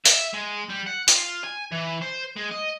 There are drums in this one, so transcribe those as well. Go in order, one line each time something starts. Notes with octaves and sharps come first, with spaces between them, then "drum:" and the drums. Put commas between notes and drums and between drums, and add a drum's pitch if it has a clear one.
E5, drum: hi-hat
G#3
G3
F#5
F4, drum: hi-hat
G#5
E3
C5
G#3
D#5